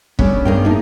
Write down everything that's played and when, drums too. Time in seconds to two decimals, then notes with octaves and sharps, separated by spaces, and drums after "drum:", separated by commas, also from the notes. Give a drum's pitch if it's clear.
0.19 G3 A3 B3 C#4 D4, drum: kick
0.45 G2 G3 B3 D4 G#4 A#4 G5
0.65 A3 A#3 D#4